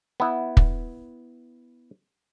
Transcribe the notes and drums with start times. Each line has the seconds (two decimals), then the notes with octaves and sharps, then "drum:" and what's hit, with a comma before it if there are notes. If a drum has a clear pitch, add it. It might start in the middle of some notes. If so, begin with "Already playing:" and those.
0.20 B3 E4
0.57 drum: kick